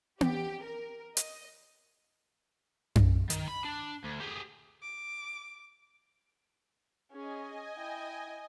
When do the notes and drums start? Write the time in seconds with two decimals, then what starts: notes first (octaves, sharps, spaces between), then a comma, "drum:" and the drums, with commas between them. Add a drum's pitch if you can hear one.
0.21 G4, drum: tom B3
0.63 A#4
1.17 D#5, drum: hi-hat
2.96 drum: tom F#2
3.30 D#3, drum: hi-hat
3.48 B5
3.65 D4
4.04 D2
4.20 G4 G#4
4.82 D6
7.12 C#4 G#4 D#5 G#5
7.76 E4 G5